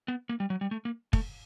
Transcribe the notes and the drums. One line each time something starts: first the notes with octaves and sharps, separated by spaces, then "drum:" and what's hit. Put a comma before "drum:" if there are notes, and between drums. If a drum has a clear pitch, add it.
B3
A#3
G3
F#3
G3
A3
A#3
A3, drum: kick